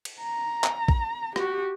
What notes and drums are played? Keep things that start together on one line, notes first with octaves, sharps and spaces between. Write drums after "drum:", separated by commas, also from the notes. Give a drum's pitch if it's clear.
drum: cymbal
A#5
drum: clap
drum: kick A#1
F#4 G4, drum: rim click